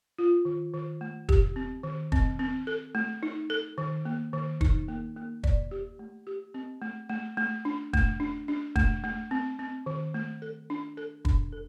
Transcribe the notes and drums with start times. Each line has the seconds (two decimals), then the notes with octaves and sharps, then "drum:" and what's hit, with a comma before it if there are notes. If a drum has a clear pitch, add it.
0.19 F4
0.45 D#3
0.74 D#3
1.01 A3
1.29 G4, drum: kick
1.56 C4
1.83 D#3
2.12 C4, drum: kick
2.39 C4
2.67 A4
2.95 A3
3.23 D#4
3.50 A4
3.78 D#3
4.05 A#3
4.33 D#3
4.61 D#4, drum: kick
4.88 A#3
5.16 A#3
5.44 D5, drum: kick
5.71 G4
5.99 A3
6.27 G4
6.54 C4
6.82 A3
7.09 A3
7.37 A3
7.65 D4
7.93 A3, drum: kick
8.20 D4
8.48 D4
8.76 A3, drum: kick
9.04 A3
9.31 C4
9.59 C4
9.86 D#3
10.14 A3
10.42 A4
10.70 D4
10.97 A4
11.25 D4, drum: kick
11.53 A4